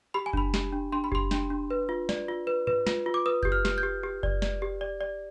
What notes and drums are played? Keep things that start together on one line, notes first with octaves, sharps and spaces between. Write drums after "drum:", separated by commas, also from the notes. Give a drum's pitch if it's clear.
G4 B5
G#5
D4 B5, drum: kick F#1
G4, drum: snare
D4
D4 C6
B5
G4 C6, drum: kick F#1
D4, drum: snare
D4
B4
F4
D5, drum: snare
F4
B4
B4, drum: tom G#2
F4, drum: snare
F4
D6
B4 D#6
G4 G6, drum: kick F#1
F6
G4, drum: snare
G6
G4
G4
D5, drum: kick F#1
D5, drum: snare
G4
D5
D5